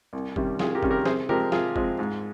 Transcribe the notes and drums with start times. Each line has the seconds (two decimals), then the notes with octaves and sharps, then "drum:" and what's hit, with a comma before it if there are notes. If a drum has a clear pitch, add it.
0.13 C2
0.36 C3 D#3 G3 C#4, drum: kick
0.59 C2 F4 G#4, drum: snare
0.75 G4 A#4
0.83 C3 D#3 G3 C#4, drum: kick
0.91 G4 A#4
1.05 C3 G#4 C5, drum: snare
1.29 F3 G#3 C4 G4 A#4, drum: tom C3
1.52 C3 F4 G#4, drum: snare
1.76 F3 G#3 C4, drum: kick
1.99 G#2